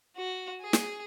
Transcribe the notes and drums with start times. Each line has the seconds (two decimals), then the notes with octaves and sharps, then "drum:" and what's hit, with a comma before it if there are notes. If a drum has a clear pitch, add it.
0.17 F#4
0.62 G#4
0.73 drum: snare